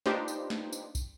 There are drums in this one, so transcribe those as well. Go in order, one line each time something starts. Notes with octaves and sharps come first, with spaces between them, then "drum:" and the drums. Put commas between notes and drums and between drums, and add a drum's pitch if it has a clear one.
D4 D#4 F4 G4 B4 C5, drum: snare
drum: tambourine
drum: snare
drum: tambourine
drum: kick, tambourine